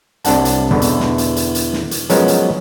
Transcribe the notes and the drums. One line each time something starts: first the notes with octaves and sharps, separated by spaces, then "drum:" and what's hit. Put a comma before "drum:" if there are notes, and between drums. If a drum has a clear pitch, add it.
C2 C3 D4 F#5 A5, drum: hi-hat
drum: hi-hat
E2 B2 D3 E3
drum: hi-hat
drum: snare
drum: hi-hat
drum: hi-hat
drum: hi-hat
drum: snare
drum: hi-hat
F3 F#3 G#3 B3 C#4 A#4, drum: hi-hat
drum: hi-hat